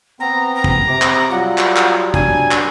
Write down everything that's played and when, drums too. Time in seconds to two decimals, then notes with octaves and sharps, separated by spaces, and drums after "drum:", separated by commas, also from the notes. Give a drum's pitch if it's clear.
0.20 B3 C4 A#5
0.55 A#5
0.64 drum: kick
0.88 C3 D6
1.02 drum: clap
1.30 F#3 G3 F4 F#5
1.58 drum: clap
1.76 drum: clap
2.14 D4 G#5, drum: kick
2.51 drum: clap